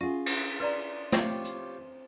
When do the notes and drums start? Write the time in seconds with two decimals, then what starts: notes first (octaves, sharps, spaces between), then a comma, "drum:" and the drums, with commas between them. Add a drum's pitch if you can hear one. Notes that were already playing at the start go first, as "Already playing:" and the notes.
0.01 C#4 F4 G#4 E5 F#5
0.26 drum: cymbal
0.60 B4 D5 A#5 C6
1.12 C4 F4 G4 C#5, drum: snare
1.44 drum: hi-hat